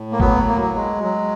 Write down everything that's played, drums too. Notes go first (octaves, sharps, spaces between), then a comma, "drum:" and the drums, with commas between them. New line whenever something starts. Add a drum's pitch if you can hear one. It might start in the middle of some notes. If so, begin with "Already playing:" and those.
Already playing: A2
A#3
F#3 B3, drum: kick G#1
A#3
F#3
G#3
F#3